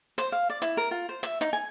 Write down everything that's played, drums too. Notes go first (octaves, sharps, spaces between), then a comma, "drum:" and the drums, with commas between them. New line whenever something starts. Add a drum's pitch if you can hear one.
C5, drum: hi-hat
F5
D5
E4, drum: hi-hat
A#4
F4
C5
E5, drum: hi-hat
D#4, drum: hi-hat
G#5